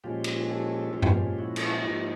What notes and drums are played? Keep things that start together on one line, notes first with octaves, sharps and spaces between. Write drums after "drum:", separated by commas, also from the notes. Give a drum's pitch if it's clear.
A#2 F3 G#3 C#4 F4 G4
drum: cymbal
G4 A4
A#2 F3 G#3 C#4 F4 G4
drum: tom G2
E4 F#4
drum: cymbal
G#2 F3 A#3 D#4 F4 G4